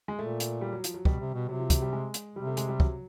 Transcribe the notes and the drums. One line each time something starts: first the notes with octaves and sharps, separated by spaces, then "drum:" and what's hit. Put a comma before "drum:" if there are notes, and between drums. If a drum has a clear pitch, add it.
G#3
A#2 A3
drum: hi-hat
G3
F#3
F3, drum: hi-hat
F#3
B2 G3, drum: kick
C3
B2
C3 F#3
F3
F#3, drum: kick, hi-hat
G3
G#3
drum: hi-hat
C3 G3
A3
G#3, drum: hi-hat
G3
F#3, drum: kick